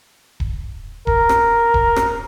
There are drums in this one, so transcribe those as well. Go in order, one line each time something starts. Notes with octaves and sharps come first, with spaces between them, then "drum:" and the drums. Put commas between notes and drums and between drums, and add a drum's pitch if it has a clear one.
drum: kick D#1
A#4, drum: kick D#1
drum: rim click
drum: kick D#1
drum: rim click